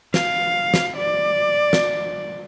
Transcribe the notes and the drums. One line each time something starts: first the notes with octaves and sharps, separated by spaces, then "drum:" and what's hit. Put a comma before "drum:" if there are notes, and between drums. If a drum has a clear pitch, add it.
F5, drum: snare
drum: snare
D5
drum: snare